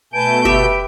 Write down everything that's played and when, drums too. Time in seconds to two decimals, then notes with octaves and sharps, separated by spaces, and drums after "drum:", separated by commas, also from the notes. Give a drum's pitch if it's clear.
0.13 B2 A3 B4 G#5 A5 G6 D7
0.45 G4 B4 E5, drum: kick F#1